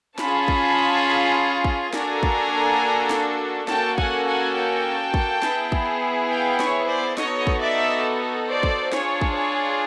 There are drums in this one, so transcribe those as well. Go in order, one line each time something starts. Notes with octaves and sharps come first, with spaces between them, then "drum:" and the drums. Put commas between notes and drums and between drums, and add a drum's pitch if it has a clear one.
C#4 F4 G#4 A5 B5, drum: snare
drum: kick
drum: kick
A#3 D4 F#4 A4 G#5 A#5, drum: snare
drum: kick
drum: snare
A#3 C#4 F#4 A4 G5 A5, drum: snare
F#5 G#5, drum: kick
F#5 G#5
G5 A5
drum: kick
B3 E4 G#4, drum: snare
drum: kick
F5 G5
C#5, drum: snare
C5 D5
B3 D#4 F#4 A4 C#5 D#5, drum: snare
drum: kick
D5 E5
C5 D5
drum: kick
D4 F4 G#4 C#5, drum: snare
drum: kick
C#5